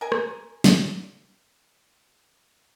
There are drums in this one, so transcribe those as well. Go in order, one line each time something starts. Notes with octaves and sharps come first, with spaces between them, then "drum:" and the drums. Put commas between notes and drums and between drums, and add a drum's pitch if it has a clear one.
A#4 G#5
drum: rim click
drum: snare